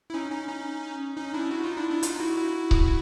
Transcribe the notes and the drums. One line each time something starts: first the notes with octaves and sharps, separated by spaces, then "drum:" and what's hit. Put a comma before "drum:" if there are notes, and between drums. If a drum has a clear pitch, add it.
E4
C#4 D#4
C#4 D#4
C#4 D#4
C#4 D#4
D4 E4
E4 F#4
D#4 F4
D4 E4
D4 E4
D#4 F4, drum: hi-hat
E4 F#4
E4 F#4
drum: kick C#1